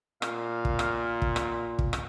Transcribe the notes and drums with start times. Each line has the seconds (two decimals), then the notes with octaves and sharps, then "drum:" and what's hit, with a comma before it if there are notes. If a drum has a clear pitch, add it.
0.22 A#2 F5, drum: rim click
0.65 drum: kick
0.79 drum: rim click
1.22 drum: kick
1.36 drum: rim click
1.79 drum: kick
1.93 drum: rim click